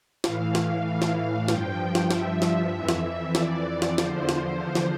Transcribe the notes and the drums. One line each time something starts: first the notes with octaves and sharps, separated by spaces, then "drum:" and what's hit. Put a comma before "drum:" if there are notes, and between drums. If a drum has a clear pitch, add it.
A2 E3 F5, drum: snare
drum: snare
F5
drum: snare
G2 F3 G5, drum: snare
drum: snare
E5, drum: snare
drum: snare
F2 E3
drum: snare
D5, drum: snare
drum: snare
E2 D3 F3 C5, drum: snare
drum: snare
drum: snare